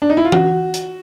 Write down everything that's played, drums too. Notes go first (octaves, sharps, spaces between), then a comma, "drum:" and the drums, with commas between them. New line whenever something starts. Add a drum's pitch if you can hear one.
D4
D#4
E4
F4
F#4, drum: tom E3
drum: hi-hat